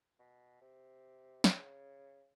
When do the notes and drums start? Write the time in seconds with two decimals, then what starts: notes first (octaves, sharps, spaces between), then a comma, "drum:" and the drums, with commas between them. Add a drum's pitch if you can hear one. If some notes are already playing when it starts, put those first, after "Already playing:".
0.19 B2
0.61 C3
1.44 C#3, drum: snare